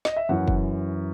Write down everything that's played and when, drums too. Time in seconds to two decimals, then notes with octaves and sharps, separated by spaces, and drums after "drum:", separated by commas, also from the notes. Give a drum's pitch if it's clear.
0.05 D#5, drum: snare
0.17 E5
0.29 F#2 E3 F#5
0.48 drum: kick